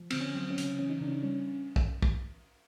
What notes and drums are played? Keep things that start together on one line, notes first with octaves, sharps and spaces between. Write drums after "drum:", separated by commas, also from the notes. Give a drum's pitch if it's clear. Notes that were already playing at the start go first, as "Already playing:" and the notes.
Already playing: F3
D3 C4, drum: cymbal
C#4
F#3 C4
C#4
C#3, drum: hi-hat
C#4
E3 C#4
D#4
C#3 D4
C#4
D4
G3 C#4
drum: kick
drum: kick